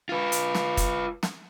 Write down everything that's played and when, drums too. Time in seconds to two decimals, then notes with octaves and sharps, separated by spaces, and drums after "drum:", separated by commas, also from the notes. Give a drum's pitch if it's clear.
0.09 F4 B4
0.32 drum: hi-hat
0.55 drum: snare
0.77 drum: kick, hi-hat
1.23 drum: snare